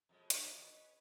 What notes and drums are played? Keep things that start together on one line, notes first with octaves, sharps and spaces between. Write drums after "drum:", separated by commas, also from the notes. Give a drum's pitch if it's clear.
F2 B2 G#3
D3 A#3 F#4, drum: hi-hat
A#2 D#5
C#4 B4 C#5